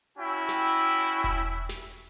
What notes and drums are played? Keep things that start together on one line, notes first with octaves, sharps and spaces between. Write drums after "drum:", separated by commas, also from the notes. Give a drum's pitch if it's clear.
C#4 E4 F#4 G5
drum: snare
drum: kick E1
drum: snare